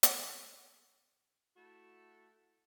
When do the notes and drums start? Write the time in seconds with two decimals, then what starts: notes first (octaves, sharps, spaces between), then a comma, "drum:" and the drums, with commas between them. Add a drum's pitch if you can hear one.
0.03 drum: hi-hat
1.56 A3 E4 F#4 A4